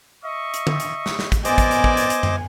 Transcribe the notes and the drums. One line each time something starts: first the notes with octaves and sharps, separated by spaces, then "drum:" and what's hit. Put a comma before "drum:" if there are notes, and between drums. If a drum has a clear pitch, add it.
D#5 E5 C#6
drum: hi-hat
drum: tom
drum: hi-hat
drum: snare
drum: snare
drum: kick, hi-hat
A#3 B3 G#4 C5 D5 D#5 G#5 D6, drum: hi-hat
drum: kick, hi-hat
drum: hi-hat
drum: kick
drum: hi-hat
drum: hi-hat
drum: tom F#2